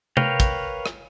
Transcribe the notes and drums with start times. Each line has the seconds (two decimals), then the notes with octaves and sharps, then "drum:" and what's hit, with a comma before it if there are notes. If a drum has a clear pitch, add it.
0.17 A#4 B4 C#5 F5 G5, drum: tom C3
0.40 drum: kick, hi-hat
0.86 drum: rim click